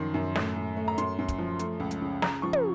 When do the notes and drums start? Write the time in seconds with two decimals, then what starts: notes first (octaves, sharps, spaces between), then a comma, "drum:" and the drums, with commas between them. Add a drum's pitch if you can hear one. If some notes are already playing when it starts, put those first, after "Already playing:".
Already playing: F#2 D#3 F3 C6
0.14 F#2
0.36 A2, drum: snare
0.56 A2
0.77 A3
0.88 A#5
0.98 F#2 C6, drum: hi-hat
1.18 F#2
1.28 drum: kick, hi-hat
1.39 F3
1.59 A3, drum: hi-hat
1.80 C#2
1.91 drum: hi-hat
2.02 C#3
2.22 C#3 A#5, drum: snare
2.42 F3 C#6
2.53 drum: tom